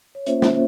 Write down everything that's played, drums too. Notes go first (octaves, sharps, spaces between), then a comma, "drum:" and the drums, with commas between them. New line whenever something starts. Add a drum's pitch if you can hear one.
C#5
A#3 C#4 F4 C5 E5, drum: hi-hat
drum: snare